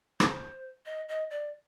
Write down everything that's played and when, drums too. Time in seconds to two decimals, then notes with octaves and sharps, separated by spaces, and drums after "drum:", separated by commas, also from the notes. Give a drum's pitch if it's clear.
0.20 C5, drum: rim click
0.86 D#5
1.09 D#5
1.31 D5